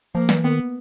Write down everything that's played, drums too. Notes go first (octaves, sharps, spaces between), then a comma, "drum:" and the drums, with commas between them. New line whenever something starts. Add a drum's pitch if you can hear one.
F3 A#3
E3, drum: snare
D#3 B3